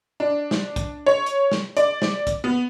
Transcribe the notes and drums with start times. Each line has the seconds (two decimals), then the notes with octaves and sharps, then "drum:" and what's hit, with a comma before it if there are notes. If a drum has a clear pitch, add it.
0.20 D4
0.51 drum: snare
0.76 drum: kick, hi-hat
1.06 C#5
1.26 drum: hi-hat
1.51 drum: snare
1.77 D5, drum: hi-hat
2.02 drum: snare
2.27 drum: kick, hi-hat
2.44 B3